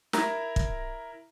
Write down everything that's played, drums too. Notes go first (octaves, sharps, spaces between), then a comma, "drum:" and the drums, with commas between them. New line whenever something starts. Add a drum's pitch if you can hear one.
E4 A#4 A#5, drum: snare
drum: kick